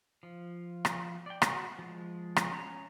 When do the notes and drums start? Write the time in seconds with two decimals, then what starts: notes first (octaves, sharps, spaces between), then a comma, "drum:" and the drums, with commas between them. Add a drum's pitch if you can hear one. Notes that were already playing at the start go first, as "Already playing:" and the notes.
0.23 F3
0.85 drum: rim click
1.26 D5 G5
1.42 F#4, drum: rim click
1.79 F3 G#3
2.36 drum: rim click
2.52 C#4 A#5